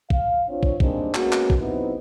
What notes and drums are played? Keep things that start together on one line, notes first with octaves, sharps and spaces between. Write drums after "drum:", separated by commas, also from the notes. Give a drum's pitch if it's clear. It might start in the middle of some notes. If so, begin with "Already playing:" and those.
F5, drum: kick
C4 D4 F4 C#5
drum: kick
D#3 G3 G#3 A#3 C4 D4, drum: kick
G#3 A#3 B3 C#4 F#4, drum: clap
drum: clap
drum: kick
C3 F#3 B3 C4 D#4 E4